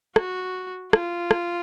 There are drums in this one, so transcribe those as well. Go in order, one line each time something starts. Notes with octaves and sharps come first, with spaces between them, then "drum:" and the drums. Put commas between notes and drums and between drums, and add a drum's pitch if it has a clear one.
F#4, drum: rim click
F4, drum: rim click
drum: rim click